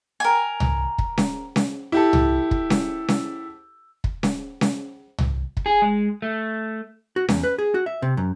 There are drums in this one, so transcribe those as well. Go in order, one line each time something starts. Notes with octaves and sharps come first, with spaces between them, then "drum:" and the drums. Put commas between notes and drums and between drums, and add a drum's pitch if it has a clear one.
A#4 G#5
drum: tom
drum: kick
drum: snare C#4
drum: snare C#4
E4 G4 A4
drum: tom
drum: kick
drum: snare C#4
drum: snare C#4
drum: kick
drum: snare C#4
drum: snare C#4
drum: tom
drum: kick
G#4
G#3
A3
F#4
E2, drum: snare C#4
B4
G#4
F#4
E5
C3
F#2